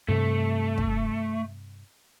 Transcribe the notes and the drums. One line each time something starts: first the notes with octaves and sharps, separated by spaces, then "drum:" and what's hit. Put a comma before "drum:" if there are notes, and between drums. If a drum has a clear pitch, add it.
G2 C3 A3
drum: kick